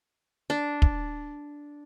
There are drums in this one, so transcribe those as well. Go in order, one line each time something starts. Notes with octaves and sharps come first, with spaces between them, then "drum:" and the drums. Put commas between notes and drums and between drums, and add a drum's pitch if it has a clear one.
D4
drum: kick